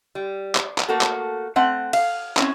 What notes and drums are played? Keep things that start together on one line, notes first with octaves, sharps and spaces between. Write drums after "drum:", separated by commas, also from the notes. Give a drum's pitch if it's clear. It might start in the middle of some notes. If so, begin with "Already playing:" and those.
G3
drum: clap
drum: clap
A3 A#3 F#4 A4
drum: clap
A3 C4 F#5
F5, drum: cymbal
C4 C#4 E4, drum: clap